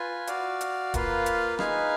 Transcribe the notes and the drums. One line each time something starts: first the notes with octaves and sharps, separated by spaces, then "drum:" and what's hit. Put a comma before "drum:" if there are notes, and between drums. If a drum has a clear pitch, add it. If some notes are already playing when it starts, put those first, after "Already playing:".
Already playing: F4 B4 G#5
F#4 D5 F5, drum: hi-hat
drum: hi-hat
A#3 F4 B4 F5, drum: kick D1, hi-hat
drum: hi-hat
D#4 G#4 B4 F5 G#5, drum: rim click